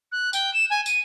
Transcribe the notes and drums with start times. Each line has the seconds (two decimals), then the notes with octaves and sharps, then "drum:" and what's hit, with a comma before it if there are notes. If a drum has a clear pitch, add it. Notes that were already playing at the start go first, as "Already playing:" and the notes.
0.11 F#6
0.33 G5, drum: tambourine
0.53 E7
0.70 G#5
0.86 D#7, drum: tambourine